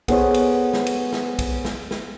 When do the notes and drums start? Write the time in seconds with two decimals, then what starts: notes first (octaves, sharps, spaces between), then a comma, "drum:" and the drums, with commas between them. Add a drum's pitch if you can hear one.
0.08 B3 G#4 A4 C5 C#5, drum: kick, cymbal
0.34 drum: cymbal
0.73 drum: snare
0.86 drum: cymbal
1.13 drum: snare
1.39 drum: kick, cymbal
1.65 drum: snare
1.91 drum: snare